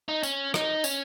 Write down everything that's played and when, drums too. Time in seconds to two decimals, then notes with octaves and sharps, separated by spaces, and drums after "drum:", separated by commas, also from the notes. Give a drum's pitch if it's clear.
0.08 D#4
0.23 C#4, drum: tambourine
0.54 D#4, drum: rim click
0.84 C#4, drum: tambourine